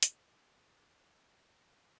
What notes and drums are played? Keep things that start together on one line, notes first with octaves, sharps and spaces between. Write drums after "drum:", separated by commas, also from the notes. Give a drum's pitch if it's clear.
B4, drum: hi-hat
A4
G4
E4
D4